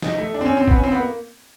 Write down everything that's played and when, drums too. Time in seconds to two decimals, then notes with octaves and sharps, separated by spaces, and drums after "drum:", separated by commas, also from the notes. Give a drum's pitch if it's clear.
0.02 D#4, drum: snare
0.18 A3
0.34 D4
0.41 C4
0.46 C#4
0.57 C4
0.68 B3, drum: kick
0.76 C#4
0.84 C4
0.92 B3
1.00 A#3